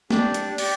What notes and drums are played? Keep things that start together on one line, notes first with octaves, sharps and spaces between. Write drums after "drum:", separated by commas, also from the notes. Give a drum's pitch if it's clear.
D4 G4 D5, drum: snare
drum: hi-hat
G4 D5, drum: open hi-hat